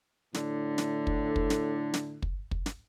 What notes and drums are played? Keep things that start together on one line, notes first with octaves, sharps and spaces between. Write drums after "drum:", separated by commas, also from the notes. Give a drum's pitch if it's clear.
A2 D3, drum: snare
drum: snare
drum: kick
drum: kick
drum: snare
drum: snare
drum: kick
drum: kick
drum: snare